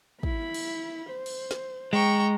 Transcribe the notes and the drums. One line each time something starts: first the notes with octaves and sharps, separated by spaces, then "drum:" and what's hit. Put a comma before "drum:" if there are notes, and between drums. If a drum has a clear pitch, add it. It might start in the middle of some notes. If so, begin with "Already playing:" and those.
E4 B5, drum: kick
drum: cymbal
C5
drum: cymbal
drum: snare
G#3 G5 A#5 C#6